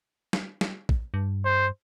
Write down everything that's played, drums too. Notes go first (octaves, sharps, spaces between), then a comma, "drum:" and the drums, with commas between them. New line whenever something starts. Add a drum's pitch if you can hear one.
drum: snare
drum: snare
drum: kick
G2
C5